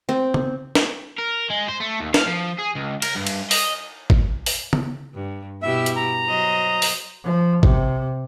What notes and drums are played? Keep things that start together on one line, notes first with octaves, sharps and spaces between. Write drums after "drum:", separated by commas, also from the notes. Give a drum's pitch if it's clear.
C4
drum: tom C#3
drum: snare
A#4
G#3
C5
A3
D#2
F5, drum: snare
F3
G#4
C#2
A#4, drum: cymbal
G2
drum: cymbal
D#5, drum: open hi-hat
drum: kick
drum: open hi-hat
drum: tom C#3
G2
B2 E4 G4 E5
drum: hi-hat
A#5
F#3 C5 D#5
drum: open hi-hat
F3
C3, drum: kick